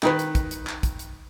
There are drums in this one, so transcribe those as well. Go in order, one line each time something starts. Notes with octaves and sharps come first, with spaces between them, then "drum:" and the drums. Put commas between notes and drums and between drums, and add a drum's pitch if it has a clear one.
D#3 B4, drum: clap
drum: hi-hat
drum: kick, hi-hat
drum: hi-hat
drum: clap
drum: kick, hi-hat
drum: hi-hat